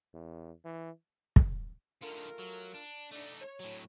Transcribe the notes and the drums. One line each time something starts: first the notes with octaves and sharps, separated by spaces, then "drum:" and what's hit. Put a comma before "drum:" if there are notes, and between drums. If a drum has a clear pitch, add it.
E2
E3
drum: kick
D3 D#3 A3 F4 A#4
F#3
D4
A3 D4 D#4
C#5
A2 F#3